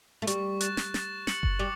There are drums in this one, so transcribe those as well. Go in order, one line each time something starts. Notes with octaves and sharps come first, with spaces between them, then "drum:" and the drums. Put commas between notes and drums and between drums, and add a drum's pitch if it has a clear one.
A3
G3 C#6, drum: hi-hat
F#6 A6 E7, drum: hi-hat
drum: snare
A6, drum: snare
C#7 F#7, drum: snare
drum: kick F#1
G3 D6